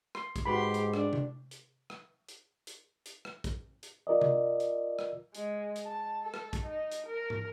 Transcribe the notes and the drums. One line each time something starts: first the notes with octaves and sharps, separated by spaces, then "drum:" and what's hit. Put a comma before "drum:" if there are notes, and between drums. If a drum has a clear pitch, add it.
C6, drum: rim click
drum: kick, hi-hat
G#2 F#4 G4 B4 B5 C6
drum: hi-hat
D4, drum: rim click
drum: tom C3
drum: hi-hat
drum: rim click
drum: hi-hat
drum: hi-hat
drum: hi-hat
drum: rim click
drum: kick, hi-hat
drum: hi-hat
F4 A#4 D5 D#5
drum: tom C3
drum: hi-hat
drum: rim click
G#3, drum: hi-hat
drum: hi-hat
A5
A4
drum: rim click
drum: kick, hi-hat
D#4
drum: hi-hat
A#4
drum: tom